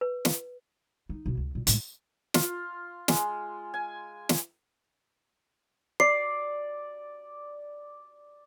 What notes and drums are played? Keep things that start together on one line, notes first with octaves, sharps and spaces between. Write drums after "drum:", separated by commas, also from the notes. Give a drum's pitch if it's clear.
B4
drum: snare
D#4
B2 D#3
C#2
A#2
A2 G#3, drum: hi-hat
F4, drum: snare
G#3, drum: snare
G#5
drum: snare
D5 C7